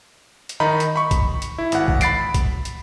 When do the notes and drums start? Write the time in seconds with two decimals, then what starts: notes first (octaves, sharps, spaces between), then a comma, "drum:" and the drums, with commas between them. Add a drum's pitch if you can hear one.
0.49 drum: hi-hat
0.60 D#3 D#4 A#5 B5
0.80 drum: hi-hat
0.96 B5 C#6
1.11 drum: kick A#1, hi-hat
1.42 drum: hi-hat
1.58 E4
1.72 G#1 F#5, drum: hi-hat
1.88 drum: kick A#1
2.01 B5 A6 C7 D7, drum: hi-hat
2.34 drum: kick A#1, hi-hat
2.65 drum: hi-hat